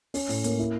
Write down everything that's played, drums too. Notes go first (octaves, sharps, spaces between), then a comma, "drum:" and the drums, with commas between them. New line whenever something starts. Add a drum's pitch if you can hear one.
C#4, drum: open hi-hat
A2, drum: open hi-hat
A#3, drum: hi-hat
E4